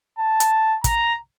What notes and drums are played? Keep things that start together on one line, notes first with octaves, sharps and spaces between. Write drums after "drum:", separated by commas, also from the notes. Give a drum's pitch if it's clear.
A5
drum: hi-hat
A#5, drum: kick, hi-hat